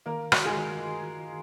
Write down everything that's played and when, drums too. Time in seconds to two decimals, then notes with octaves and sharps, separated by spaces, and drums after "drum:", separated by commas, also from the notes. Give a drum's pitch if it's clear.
0.06 D#3 A#3 A#4
0.32 F#4, drum: rim click
0.45 G#3 G#4
0.57 D#3